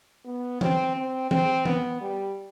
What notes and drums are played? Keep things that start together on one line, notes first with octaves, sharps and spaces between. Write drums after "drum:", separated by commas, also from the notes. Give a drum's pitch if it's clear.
B3
C4, drum: tom E3
C4
C4, drum: tom E3
B3, drum: tom E3
G3